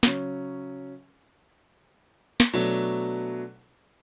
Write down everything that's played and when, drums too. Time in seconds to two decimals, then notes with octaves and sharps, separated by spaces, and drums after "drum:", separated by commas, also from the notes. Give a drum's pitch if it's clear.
0.03 C#3 F#3 C#4, drum: snare
2.40 drum: snare
2.53 B2 F#3 A3 D4, drum: cymbal